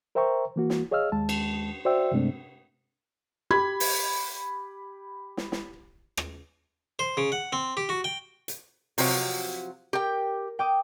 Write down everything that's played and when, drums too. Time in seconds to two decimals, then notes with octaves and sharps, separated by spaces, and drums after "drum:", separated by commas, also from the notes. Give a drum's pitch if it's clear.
0.15 A#4 C5 E5 G5 A#5 C#6
0.56 E3 A#3 F#4
0.70 drum: snare
0.91 G#4 C#5 D#5 F5 E6 F6
1.12 D#2 G#3 A5
1.29 drum: cymbal
1.85 F#4 C5 D5 E5 G5 E6
2.12 G2 C3 G#3 A3 C4 D4
3.51 G4 B5 G#6
3.80 drum: open hi-hat
5.37 drum: snare
5.52 drum: snare
6.17 drum: rim click
6.99 C5
7.17 C#3
7.32 F#5
7.53 C4
7.77 G4
7.89 F#4
8.04 G5
8.48 drum: hi-hat
8.98 C3 F3 F#3, drum: open hi-hat
9.93 G4 A#4 G5
10.59 G5 D6 D#6